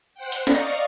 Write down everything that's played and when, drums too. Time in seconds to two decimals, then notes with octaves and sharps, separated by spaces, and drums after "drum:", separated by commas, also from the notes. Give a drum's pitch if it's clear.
0.15 C5 F#5 G5
0.32 drum: hi-hat
0.47 D5 D#5 F5 A#5 C#6, drum: snare